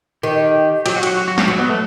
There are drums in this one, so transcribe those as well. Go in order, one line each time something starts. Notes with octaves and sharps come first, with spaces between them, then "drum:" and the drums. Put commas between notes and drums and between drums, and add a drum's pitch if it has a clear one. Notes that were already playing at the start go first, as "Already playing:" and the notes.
D#3 G4
F#3 G4, drum: cymbal
F#4
G4, drum: cymbal
F#4
F#4
F#4
G4, drum: snare
F#3 F#4
B3
A3